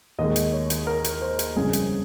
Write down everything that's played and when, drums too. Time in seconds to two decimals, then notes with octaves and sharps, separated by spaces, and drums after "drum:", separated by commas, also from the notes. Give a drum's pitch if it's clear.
0.18 D#2 D#3 G#3 D#5
0.36 drum: hi-hat
0.53 C#5
0.70 drum: hi-hat
0.87 A#4
1.04 drum: hi-hat
1.22 C5
1.39 drum: hi-hat
1.56 G1 F2 C#3 G#3 G#4
1.73 drum: hi-hat